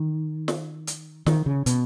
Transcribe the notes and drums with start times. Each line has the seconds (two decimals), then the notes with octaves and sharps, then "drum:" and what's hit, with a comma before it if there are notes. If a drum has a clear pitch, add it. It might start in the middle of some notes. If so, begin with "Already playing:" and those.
Already playing: D#3
0.48 drum: snare
0.87 drum: hi-hat
1.26 D#3, drum: snare
1.46 C#3
1.66 B2, drum: hi-hat